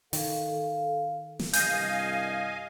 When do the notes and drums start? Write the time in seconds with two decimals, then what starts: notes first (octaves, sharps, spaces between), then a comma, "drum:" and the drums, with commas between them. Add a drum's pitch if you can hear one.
0.13 D#3 A4 F5, drum: open hi-hat
1.39 drum: snare
1.53 C2 G2 D#5 F5 G#5 G6, drum: hi-hat